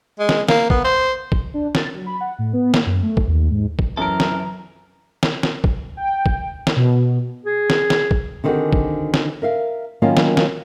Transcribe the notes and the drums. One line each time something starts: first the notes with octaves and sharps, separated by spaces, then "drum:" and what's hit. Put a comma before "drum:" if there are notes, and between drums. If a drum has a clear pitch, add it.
G#3
drum: snare
A#3, drum: snare
B3, drum: kick
C5
drum: kick
D4
A6, drum: snare
F#3
B5
F#5
A2
B3
A#3, drum: snare
F#2
A3
drum: kick
D#2
G#2
drum: kick
F#2 E3 A4 A#4 A#5
drum: snare
drum: snare
drum: snare
drum: kick
G5
drum: kick
drum: snare
B2
G#4
drum: snare
drum: snare
drum: kick
D3 D#3 B3 C4 F#4 G#4
drum: kick
drum: snare
A#4 E5 F5
D#3 F#3 A#3 B3 C#4 F4
drum: snare
drum: snare